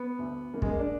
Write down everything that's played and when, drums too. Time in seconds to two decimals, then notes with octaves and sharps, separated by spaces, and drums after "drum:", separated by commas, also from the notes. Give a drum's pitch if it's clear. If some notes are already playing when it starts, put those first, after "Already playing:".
Already playing: B3
0.19 D2 D3
0.54 F#2 D#3 A#3
0.62 G#3, drum: kick
0.70 A#3
0.79 D4